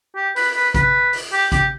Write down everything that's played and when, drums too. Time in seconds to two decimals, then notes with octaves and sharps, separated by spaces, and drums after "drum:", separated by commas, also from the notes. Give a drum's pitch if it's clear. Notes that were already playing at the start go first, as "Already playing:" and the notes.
0.16 G4
0.36 B4, drum: open hi-hat
0.55 B4
0.74 B4, drum: kick A1, hi-hat
1.13 drum: open hi-hat
1.32 G4
1.52 G4, drum: kick A1, hi-hat